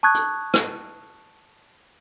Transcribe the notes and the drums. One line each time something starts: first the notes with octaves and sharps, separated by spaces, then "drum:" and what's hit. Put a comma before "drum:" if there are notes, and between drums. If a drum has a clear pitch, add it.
A5 C#6 D#6 F#6 G#6
drum: hi-hat
drum: rim click